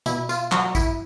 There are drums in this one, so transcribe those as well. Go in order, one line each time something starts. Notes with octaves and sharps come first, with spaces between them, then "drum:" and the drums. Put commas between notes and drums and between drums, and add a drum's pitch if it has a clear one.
B2 E4, drum: tambourine
F4, drum: tambourine
F#3 F#4, drum: clap
E4, drum: kick, tambourine